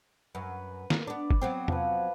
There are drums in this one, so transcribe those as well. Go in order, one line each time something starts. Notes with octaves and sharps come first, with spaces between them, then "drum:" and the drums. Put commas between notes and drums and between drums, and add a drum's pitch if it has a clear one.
F#2 B4
A#3, drum: snare
B3 D4 D5
drum: kick G1
F#3 B3 C4
F3 B4, drum: tom E2